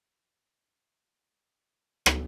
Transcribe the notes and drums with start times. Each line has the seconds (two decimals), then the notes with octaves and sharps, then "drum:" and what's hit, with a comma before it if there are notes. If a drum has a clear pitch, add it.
0.20 D4 D#5
0.67 E5
1.27 G4 G5 D6
2.06 drum: rim click